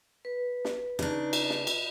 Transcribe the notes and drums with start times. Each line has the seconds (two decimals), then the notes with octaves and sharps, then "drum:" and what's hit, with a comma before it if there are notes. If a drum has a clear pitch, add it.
0.25 B4
0.65 drum: snare
0.99 C#3 D4 D#4, drum: snare
1.33 drum: cymbal
1.50 drum: snare
1.67 drum: cymbal